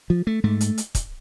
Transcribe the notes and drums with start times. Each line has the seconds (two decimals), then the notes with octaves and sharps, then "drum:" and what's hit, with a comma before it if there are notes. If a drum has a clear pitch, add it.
0.10 F3
0.27 A3
0.44 G#2 A3
0.61 drum: hi-hat
0.78 drum: hi-hat
0.95 drum: kick, hi-hat